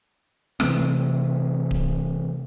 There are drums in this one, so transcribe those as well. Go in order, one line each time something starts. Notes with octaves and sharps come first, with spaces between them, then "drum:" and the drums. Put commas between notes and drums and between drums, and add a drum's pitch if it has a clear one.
C3 E3 A3 C4, drum: rim click
drum: kick D1